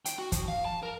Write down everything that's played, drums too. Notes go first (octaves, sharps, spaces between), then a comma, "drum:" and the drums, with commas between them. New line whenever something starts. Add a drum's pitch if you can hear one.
G5, drum: hi-hat
F#4
F3, drum: kick, hi-hat
F5
A5
A#4